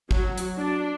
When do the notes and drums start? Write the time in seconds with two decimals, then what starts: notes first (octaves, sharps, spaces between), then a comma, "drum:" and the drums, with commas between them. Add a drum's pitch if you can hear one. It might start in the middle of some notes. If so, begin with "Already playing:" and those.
0.11 F#3, drum: kick
0.38 drum: hi-hat
0.58 D4